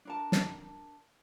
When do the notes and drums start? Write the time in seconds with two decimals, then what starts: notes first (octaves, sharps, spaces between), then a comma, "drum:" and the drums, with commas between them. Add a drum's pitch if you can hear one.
0.05 D4 A#4 A5
0.32 drum: snare